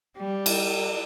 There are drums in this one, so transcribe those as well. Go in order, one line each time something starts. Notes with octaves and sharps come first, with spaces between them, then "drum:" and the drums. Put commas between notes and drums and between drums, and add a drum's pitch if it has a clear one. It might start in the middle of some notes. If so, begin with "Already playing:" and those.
G3
drum: cymbal